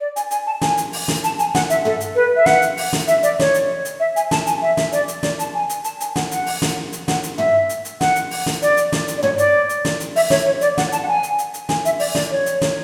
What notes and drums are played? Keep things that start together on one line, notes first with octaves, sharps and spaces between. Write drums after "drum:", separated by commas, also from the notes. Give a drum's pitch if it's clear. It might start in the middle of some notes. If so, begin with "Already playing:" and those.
D5
G#5, drum: hi-hat
G#5, drum: hi-hat
A5
G#5, drum: snare
drum: hi-hat
drum: open hi-hat
drum: snare
A5, drum: hi-hat
G#5, drum: hi-hat
F#5, drum: snare
E5, drum: hi-hat
A4, drum: tom
drum: hi-hat
B4
E5
F#5, drum: snare
drum: hi-hat
drum: open hi-hat
drum: snare
E5, drum: hi-hat
D5, drum: hi-hat
C#5, drum: snare
drum: hi-hat
drum: hi-hat
E5
G#5, drum: hi-hat
A5, drum: snare
G#5, drum: hi-hat
E5
drum: snare
D5, drum: hi-hat
drum: hi-hat
D5, drum: snare
A5, drum: hi-hat
G#5
drum: hi-hat
A5, drum: hi-hat
G#5, drum: hi-hat
F#5, drum: snare
F#5, drum: hi-hat
drum: open hi-hat
drum: snare
drum: hi-hat
F#5, drum: snare
drum: hi-hat
E5, drum: tom
drum: hi-hat
drum: hi-hat
F#5, drum: snare
drum: hi-hat
drum: open hi-hat
drum: snare
D5, drum: hi-hat
drum: hi-hat
drum: snare
drum: hi-hat
D5
C#5, drum: tom
D5, drum: hi-hat
drum: hi-hat
drum: snare
drum: hi-hat
E5, drum: open hi-hat
C#5, drum: snare
C#5
D5, drum: hi-hat
F#5, drum: snare
A5, drum: hi-hat
F#5
G#5
drum: hi-hat
drum: hi-hat
drum: hi-hat
G#5, drum: snare
E5, drum: hi-hat
D5, drum: open hi-hat
D5, drum: snare
C#5
drum: hi-hat
drum: snare